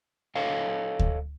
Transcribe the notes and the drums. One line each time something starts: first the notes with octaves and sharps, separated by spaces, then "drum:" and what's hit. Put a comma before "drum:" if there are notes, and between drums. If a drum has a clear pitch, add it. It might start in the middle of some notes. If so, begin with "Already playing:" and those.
A4 C#5 D#5 F5
drum: kick D2